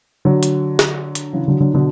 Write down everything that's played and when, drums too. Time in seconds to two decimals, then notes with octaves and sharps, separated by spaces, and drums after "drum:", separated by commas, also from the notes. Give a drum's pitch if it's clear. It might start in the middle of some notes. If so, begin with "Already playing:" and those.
0.25 D3 F#3
0.43 drum: hi-hat
0.79 drum: snare
1.15 drum: hi-hat
1.33 C#3 E3
1.48 D3 F#3
1.60 D3 F#3
1.74 B2 D3